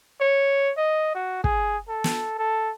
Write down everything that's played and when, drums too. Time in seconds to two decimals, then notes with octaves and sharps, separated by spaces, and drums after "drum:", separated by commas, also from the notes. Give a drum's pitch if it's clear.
0.20 C#5
0.78 D#5
1.15 F#4
1.44 G#4, drum: kick
1.88 A4
2.04 drum: snare
2.39 A4